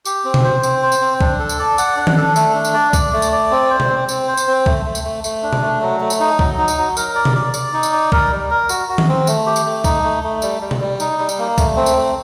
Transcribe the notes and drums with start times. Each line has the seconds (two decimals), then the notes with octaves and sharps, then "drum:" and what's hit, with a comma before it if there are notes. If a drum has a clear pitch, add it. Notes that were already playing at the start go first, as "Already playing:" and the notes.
0.05 G4, drum: tambourine
0.24 C4
0.34 drum: tom B2
0.44 C5
0.63 C4, drum: tambourine
0.82 C5
0.92 drum: tambourine
1.01 C4
1.20 D4, drum: kick C2
1.39 A4
1.49 drum: tambourine
1.59 D5
1.78 F#5, drum: tambourine
1.97 D4
2.07 drum: tom D#3
2.16 A4
2.36 A3, drum: tambourine
2.55 D4
2.65 drum: tambourine
2.74 D5
2.93 D5, drum: kick C2, tambourine
3.13 A3
3.22 drum: tambourine
3.32 D5
3.51 C4
3.70 C5
3.80 drum: tom B2
3.89 C4
4.09 C4, drum: tambourine
4.28 C5
4.37 drum: tambourine
4.47 C4
4.66 A3, drum: kick C2
4.85 A3
4.95 drum: tambourine
5.04 A3
5.24 A3, drum: tambourine
5.43 D4
5.53 drum: tom B2
5.62 A3
5.82 F#3
6.01 A3
6.10 drum: tambourine
6.20 D#4
6.39 F#3, drum: kick C2
6.58 D#4
6.68 drum: tambourine
6.78 F#3
6.97 A#4, drum: tambourine
7.15 D5
7.25 drum: tom B2
7.35 D5
7.54 D5, drum: tambourine
7.73 D#4
7.83 drum: tambourine
7.92 D5
8.12 A#4, drum: kick C2
8.31 G3
8.50 A#4
8.69 F#4, drum: tambourine
8.89 F#4
8.98 drum: tom D#3
9.08 C4
9.27 A3, drum: tambourine
9.46 G4
9.56 drum: tambourine
9.66 A3
9.84 D#4, drum: kick C2, tambourine
10.03 A3
10.23 A3
10.42 G3, drum: tambourine
10.61 G3
10.71 drum: tom B2
10.81 G3
11.00 D#4, drum: tambourine
11.19 G3
11.29 drum: tambourine
11.38 A#3
11.58 A3, drum: kick C2, tambourine
11.76 C4
11.86 drum: tambourine
11.96 A3